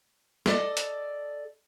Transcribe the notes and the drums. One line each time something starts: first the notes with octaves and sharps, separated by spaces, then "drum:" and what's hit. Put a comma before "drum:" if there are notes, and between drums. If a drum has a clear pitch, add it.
A4 D5 D#5, drum: snare
drum: hi-hat